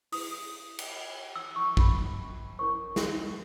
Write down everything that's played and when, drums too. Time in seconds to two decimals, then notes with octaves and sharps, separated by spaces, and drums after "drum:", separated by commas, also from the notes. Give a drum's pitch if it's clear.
0.12 E4 B4 D#6, drum: open hi-hat
0.79 drum: cymbal
1.36 E6
1.56 C#6
1.77 B5, drum: kick
2.59 C#4 E4 A#4 C#5 C#6
2.96 drum: snare